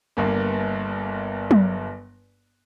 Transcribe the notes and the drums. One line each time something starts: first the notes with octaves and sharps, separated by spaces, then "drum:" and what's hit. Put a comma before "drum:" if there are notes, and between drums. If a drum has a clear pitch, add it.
G1 G2 A#3
drum: tom F#3